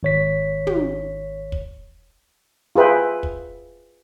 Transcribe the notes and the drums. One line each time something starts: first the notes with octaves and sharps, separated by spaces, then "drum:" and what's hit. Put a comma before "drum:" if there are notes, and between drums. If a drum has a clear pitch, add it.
G#1 C#5 B6
drum: tom
drum: kick
F4 G#4 B4 E5 G5
drum: kick